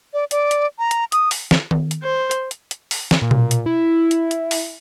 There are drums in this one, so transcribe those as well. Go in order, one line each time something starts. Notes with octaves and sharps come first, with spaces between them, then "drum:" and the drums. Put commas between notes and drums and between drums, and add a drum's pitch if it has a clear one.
D5
D5, drum: hi-hat
drum: hi-hat
A#5
drum: hi-hat
D#6, drum: hi-hat
drum: open hi-hat
drum: snare
drum: tom D#3
drum: hi-hat
C5
drum: hi-hat
drum: hi-hat
drum: hi-hat
drum: open hi-hat
drum: snare
A#2
drum: tom B2
drum: hi-hat
E4
drum: hi-hat
drum: hi-hat
drum: open hi-hat